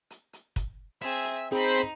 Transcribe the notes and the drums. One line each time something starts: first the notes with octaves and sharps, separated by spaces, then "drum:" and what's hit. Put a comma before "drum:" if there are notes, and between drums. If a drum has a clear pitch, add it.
drum: hi-hat
drum: hi-hat
drum: kick, hi-hat
C4 G#4 E5, drum: hi-hat
drum: hi-hat
C4 D#4 G#4 C5 B5
drum: hi-hat